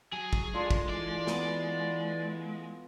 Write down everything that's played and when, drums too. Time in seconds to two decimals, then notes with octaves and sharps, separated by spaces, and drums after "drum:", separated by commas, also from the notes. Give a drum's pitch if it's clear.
0.13 F#3 G#4
0.33 drum: kick
0.54 G#3 D4 F4 A4
0.70 drum: kick
0.89 E3 D5
1.27 B3 B5 D#6, drum: snare